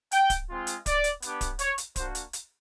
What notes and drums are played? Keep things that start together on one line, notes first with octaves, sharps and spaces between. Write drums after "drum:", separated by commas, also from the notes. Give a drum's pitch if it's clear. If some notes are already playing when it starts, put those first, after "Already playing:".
G5, drum: hi-hat
drum: kick D1, hi-hat
G#3 C4 F4
drum: hi-hat
D5, drum: kick D1, hi-hat
drum: hi-hat
B3 D4 G4, drum: hi-hat
drum: kick D1, hi-hat
C#5, drum: hi-hat
drum: hi-hat
A#3 D4 F#4 C5, drum: kick D1, hi-hat
drum: hi-hat
drum: hi-hat